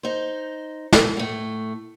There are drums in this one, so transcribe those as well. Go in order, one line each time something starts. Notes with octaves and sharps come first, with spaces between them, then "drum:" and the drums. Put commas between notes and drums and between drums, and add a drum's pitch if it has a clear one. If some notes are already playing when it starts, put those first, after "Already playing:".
D#4 C5
drum: snare
A2 A3